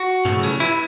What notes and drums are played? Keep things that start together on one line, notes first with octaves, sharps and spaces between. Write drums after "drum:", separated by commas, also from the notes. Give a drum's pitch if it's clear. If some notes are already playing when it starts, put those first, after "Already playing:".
Already playing: F#4
C#3 E3 A3 C#4, drum: tom
drum: cymbal
E4, drum: cymbal